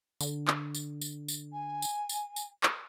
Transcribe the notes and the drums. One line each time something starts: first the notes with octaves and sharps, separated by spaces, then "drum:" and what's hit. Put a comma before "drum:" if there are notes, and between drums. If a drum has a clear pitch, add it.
D3, drum: tambourine
drum: clap
drum: tambourine
drum: tambourine
drum: tambourine
G#5
drum: tambourine
drum: tambourine
drum: tambourine
drum: clap